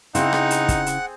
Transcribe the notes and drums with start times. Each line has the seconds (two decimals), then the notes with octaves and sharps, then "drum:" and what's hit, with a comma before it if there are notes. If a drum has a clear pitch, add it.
0.15 C#3 C4 D#4 E4 G#4 F#5, drum: hi-hat
0.33 drum: rim click
0.51 drum: hi-hat
0.69 drum: kick, hi-hat
0.86 drum: hi-hat